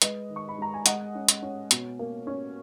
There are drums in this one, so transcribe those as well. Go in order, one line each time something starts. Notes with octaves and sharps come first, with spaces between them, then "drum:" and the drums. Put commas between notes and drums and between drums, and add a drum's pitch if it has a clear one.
G#3 B4 D#5, drum: hi-hat
D#3
C#6
B5
G#3 A#5
G#5
G#3 D#5 F#5, drum: hi-hat
C#4
drum: hi-hat
C#4
B2, drum: hi-hat
A#3
C#4